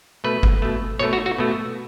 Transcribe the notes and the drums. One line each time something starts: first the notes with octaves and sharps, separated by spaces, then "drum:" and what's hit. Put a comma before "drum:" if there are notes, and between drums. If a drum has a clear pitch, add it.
B2 A3 B4
drum: kick G1
B2 A3
B2 A3 C#5
F#4
F#4
B2 A3